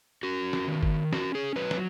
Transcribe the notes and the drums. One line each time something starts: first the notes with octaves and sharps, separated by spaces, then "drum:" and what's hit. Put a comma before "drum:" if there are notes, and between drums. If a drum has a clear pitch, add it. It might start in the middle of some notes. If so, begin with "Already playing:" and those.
C#4 F#4
drum: snare
D#3
drum: kick F#1
C#4 F#4, drum: snare
G#4
F#3 B4
drum: snare